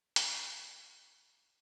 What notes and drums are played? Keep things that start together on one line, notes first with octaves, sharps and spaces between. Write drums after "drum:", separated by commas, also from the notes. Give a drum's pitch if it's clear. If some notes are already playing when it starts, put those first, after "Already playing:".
D#4 C5, drum: hi-hat